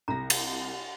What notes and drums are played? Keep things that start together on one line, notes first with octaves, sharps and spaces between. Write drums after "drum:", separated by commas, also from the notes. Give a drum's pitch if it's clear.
C2 A#5 A#6
drum: cymbal